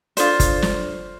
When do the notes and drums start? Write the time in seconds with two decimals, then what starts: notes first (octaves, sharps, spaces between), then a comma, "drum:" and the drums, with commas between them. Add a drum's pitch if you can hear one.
0.17 D4 F4 A4 C5 D5, drum: hi-hat
0.40 drum: kick G1, hi-hat
0.62 drum: snare